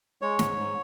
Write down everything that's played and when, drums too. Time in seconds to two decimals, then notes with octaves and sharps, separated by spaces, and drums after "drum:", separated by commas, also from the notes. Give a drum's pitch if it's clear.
0.22 G#3 C#5
0.39 G#2, drum: snare
0.57 G#2